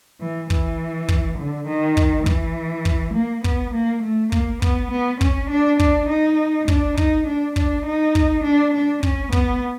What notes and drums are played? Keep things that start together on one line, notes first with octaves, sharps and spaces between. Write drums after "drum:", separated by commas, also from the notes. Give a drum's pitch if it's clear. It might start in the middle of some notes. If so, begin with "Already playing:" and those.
E3
E3, drum: kick
drum: kick
D3
D#3
drum: kick
E3, drum: kick
drum: kick
A#3
B3, drum: kick
A#3
A3
A#3, drum: kick
B3, drum: kick
B3
C#4, drum: kick
D4
D4, drum: kick
D#4
D4, drum: kick
D#4, drum: kick
D4
D4, drum: kick
D#4
drum: kick
D4
D4
C#4, drum: kick
B3, drum: kick